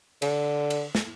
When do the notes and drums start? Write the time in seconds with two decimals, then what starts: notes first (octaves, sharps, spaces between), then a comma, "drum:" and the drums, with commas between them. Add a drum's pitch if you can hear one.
0.22 D3, drum: cymbal
0.70 drum: cymbal
0.95 drum: snare